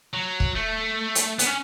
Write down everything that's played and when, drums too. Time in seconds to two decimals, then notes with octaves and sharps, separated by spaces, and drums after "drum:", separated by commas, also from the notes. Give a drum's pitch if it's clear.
0.13 F#3
0.40 drum: kick
0.56 A3
1.15 drum: hi-hat
1.39 B3, drum: hi-hat
1.46 C#4